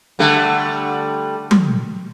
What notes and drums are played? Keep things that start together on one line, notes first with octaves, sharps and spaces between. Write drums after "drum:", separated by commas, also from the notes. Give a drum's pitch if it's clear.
D3 G3 A3
drum: tom F#3